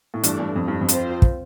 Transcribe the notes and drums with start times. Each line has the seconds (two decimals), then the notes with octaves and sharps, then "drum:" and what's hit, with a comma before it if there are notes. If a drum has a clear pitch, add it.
0.14 A2
0.24 G2 E3 A3 D4, drum: hi-hat
0.40 G2
0.56 F2
0.68 G2
0.81 F2
0.89 C4 F4 C5, drum: hi-hat
1.22 drum: kick